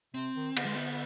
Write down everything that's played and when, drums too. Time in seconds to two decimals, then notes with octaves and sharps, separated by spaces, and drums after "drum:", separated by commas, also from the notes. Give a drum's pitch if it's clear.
0.14 C3 C4
0.35 D#3
0.57 D3 B3, drum: cymbal
0.65 G#3
0.75 B3